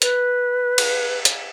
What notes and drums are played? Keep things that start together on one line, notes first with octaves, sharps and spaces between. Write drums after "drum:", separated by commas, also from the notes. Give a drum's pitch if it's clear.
B4, drum: hi-hat
drum: cymbal
drum: hi-hat